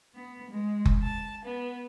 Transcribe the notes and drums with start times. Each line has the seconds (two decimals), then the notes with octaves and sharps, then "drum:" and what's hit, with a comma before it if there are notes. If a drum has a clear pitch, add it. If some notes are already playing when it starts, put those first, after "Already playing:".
0.15 B3
0.49 G#3
0.85 drum: kick F#1
1.02 A5
1.45 B3